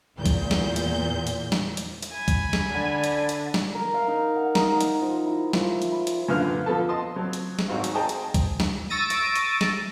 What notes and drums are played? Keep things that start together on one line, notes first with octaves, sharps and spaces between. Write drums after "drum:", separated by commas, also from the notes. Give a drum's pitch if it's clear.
E2 A#2 G6
drum: kick, hi-hat
drum: snare
drum: hi-hat
drum: hi-hat
drum: snare
drum: hi-hat
drum: hi-hat
G#5 B5
drum: kick, hi-hat
drum: snare
D3
drum: hi-hat
drum: hi-hat
drum: snare
A#4
F5
D#4
F#5
D#4, drum: snare
drum: hi-hat
F3
E4
F3, drum: snare
drum: hi-hat
B5
drum: hi-hat
F#2 A#2 D3 B4 F5 F6
F3 B3 A4 A5
D#5 A5 C6 D#6
F#3 C4
drum: hi-hat
drum: snare
G#1 D#4 F#4 C5 F5
drum: hi-hat
G#4 C5 D#5 G5 A5 A#5
drum: hi-hat
drum: kick, hi-hat
drum: snare
C#6 E6 A6 A#6 D7 D#7
drum: hi-hat
drum: hi-hat
drum: snare